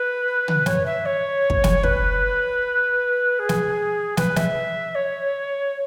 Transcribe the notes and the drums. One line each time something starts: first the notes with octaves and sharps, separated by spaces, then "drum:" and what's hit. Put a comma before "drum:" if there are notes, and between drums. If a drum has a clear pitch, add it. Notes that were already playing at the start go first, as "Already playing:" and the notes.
Already playing: B4
drum: tom
C#5, drum: snare
E5
C#5
drum: kick
drum: snare
B4, drum: kick
G#4
drum: snare
B4, drum: snare
E5, drum: snare
C#5